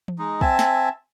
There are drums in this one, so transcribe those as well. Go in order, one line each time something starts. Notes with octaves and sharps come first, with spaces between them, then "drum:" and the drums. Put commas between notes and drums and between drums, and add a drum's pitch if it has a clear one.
drum: tom E3
G#3 D#4
C4 E5 G#5 A5, drum: kick
drum: snare